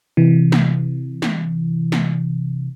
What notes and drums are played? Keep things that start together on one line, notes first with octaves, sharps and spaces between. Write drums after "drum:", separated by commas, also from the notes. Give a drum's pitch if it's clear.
C3 E3
drum: snare
drum: snare
drum: snare